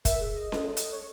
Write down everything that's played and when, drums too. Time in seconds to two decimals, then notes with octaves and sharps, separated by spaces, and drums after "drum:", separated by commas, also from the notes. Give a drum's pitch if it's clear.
0.05 A#4 E5, drum: kick, hi-hat
0.19 G#4
0.35 D#5
0.52 A4, drum: snare C#4
0.77 drum: hi-hat
0.92 C#5